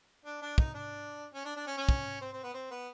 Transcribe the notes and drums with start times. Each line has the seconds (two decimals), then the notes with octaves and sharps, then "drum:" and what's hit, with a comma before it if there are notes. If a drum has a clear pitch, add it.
0.25 D4
0.42 D4
0.58 D#4, drum: kick
0.74 D4
1.34 C#4
1.45 D4
1.56 D4
1.67 C#4
1.77 C#4
1.89 drum: kick
2.21 C4
2.33 C4
2.43 B3
2.54 C4
2.71 B3